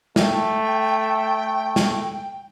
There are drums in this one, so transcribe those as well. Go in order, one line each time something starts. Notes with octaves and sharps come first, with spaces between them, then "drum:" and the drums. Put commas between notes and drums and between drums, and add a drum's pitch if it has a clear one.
A3 G5, drum: snare
drum: snare